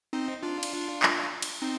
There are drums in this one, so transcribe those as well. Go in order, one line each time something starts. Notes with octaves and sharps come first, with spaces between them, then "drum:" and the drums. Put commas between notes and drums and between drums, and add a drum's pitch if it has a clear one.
C4 D#4
D4 F4
drum: cymbal
drum: clap
drum: cymbal
C4 D#4